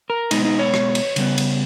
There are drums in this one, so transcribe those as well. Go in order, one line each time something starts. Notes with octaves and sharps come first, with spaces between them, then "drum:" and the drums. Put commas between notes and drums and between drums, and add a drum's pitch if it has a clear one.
A#4
B2 G#3 B3 D#4, drum: cymbal
D#4
C#5
drum: rim click
drum: cymbal
C#3 G3 B3, drum: cymbal
drum: cymbal